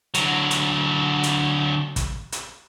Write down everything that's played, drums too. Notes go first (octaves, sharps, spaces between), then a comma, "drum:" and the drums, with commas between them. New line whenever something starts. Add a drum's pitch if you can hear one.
D3 F#3, drum: hi-hat
drum: hi-hat
drum: hi-hat
drum: kick, hi-hat
drum: hi-hat